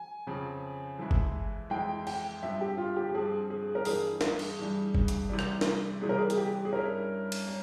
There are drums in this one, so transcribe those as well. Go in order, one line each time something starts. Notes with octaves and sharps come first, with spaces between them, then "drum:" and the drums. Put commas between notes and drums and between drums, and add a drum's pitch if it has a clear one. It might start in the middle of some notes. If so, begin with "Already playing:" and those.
Already playing: G#5
F2 C#3 F3 C4
F2 E3 G#3 E4
drum: kick G1
F2 E3 G#3 E4 G5
G5, drum: cymbal
G2 F3 C4 E5
G4
F4
G4
G4
G2 F3 C4 G#4
G#4
A#4
G2 E3 G3 G#4, drum: open hi-hat
drum: snare
drum: cymbal
G2 E3 G3
drum: kick G1
drum: hi-hat
C3 E3 G3
drum: rim click
drum: snare
C3 E3 G3 G#4
A#4
G#4
G#4, drum: hi-hat
G4
G#4
G2 G3 C#4 E4 A#4
drum: cymbal
G3 C#4